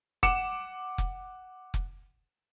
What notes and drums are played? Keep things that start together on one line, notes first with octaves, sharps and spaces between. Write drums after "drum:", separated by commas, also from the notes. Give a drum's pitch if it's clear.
F#5 D6 C#7 E7, drum: kick F1
drum: kick F1
drum: kick F1